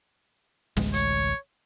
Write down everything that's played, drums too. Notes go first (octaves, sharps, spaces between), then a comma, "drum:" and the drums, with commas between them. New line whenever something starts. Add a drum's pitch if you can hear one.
A1 D2 G#3, drum: snare
C#5, drum: hi-hat